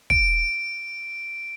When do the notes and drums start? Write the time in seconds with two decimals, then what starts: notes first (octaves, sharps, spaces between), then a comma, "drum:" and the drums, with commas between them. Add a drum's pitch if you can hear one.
0.10 D7, drum: kick